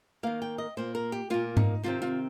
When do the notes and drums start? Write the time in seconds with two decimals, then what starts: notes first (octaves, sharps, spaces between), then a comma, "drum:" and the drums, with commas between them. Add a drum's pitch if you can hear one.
0.23 D#3 A#3 F5
0.42 G5
0.58 D#5
0.77 A#2 A#3 C5
0.95 A#4
1.12 G4
1.30 A#2 A#3 F4
1.57 D#4, drum: tom G#2
1.83 C3 D#3 C4 F4
2.02 F4